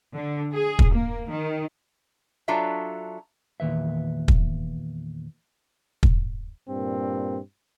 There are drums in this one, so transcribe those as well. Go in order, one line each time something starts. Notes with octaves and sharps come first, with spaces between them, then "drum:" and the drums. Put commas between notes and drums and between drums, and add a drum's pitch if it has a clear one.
D3
G#4
drum: kick
A#3
D#3
F#3 D4 F4 A4 E5 F5
E2 A#2 D#3 B4 E5
drum: kick
drum: kick
G2 A#2 C4